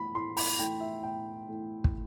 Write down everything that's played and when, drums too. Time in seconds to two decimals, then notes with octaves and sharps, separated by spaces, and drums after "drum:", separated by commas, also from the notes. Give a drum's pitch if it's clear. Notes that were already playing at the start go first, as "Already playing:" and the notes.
Already playing: E3 A3 E4 B5
0.14 A2 C6
0.37 B5, drum: open hi-hat
0.59 E3 A3 E4 G5
0.80 E5
1.03 A2 G5
1.47 E3 A3 E4
1.84 drum: kick